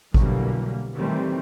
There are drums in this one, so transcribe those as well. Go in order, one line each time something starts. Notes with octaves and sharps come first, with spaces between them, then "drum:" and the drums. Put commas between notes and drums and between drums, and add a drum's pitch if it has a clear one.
B2 D3 E3 F#3 G3 A#3, drum: kick G#1
A#2 D#3 E3 G3 A3 C4